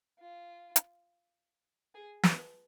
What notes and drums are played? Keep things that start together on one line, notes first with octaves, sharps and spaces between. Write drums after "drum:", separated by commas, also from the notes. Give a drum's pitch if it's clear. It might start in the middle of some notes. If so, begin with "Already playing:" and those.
F4
drum: hi-hat
G#4
B4, drum: snare